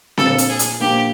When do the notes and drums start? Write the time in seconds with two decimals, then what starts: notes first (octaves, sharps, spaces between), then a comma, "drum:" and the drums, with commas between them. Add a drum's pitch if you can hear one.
0.17 A#2 F3 A#3 D4 A4, drum: snare C4
0.38 drum: hi-hat
0.49 G#4
0.59 drum: hi-hat
0.80 A#2 F3 A#3 D4 G4